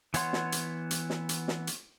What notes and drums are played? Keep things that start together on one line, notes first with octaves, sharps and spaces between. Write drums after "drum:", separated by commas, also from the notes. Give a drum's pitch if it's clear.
E3 B3 C#5 F#5 C6, drum: hi-hat
drum: snare
drum: hi-hat
drum: hi-hat
drum: snare
drum: hi-hat
drum: snare
drum: hi-hat